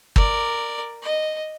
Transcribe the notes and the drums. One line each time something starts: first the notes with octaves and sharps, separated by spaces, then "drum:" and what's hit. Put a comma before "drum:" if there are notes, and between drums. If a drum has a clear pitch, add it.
A#4 D5, drum: kick
D#5